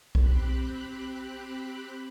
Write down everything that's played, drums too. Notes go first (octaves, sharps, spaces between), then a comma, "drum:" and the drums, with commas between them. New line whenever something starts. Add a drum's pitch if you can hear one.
C4 G4 B5 F#6, drum: kick B1